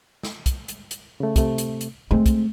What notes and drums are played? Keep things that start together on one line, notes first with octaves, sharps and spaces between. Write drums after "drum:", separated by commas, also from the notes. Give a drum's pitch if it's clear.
drum: snare
drum: kick, hi-hat
drum: hi-hat
drum: hi-hat
C#3 A3
C3 A3, drum: kick, hi-hat
drum: hi-hat
drum: hi-hat
G#3 A3 C4
drum: kick, hi-hat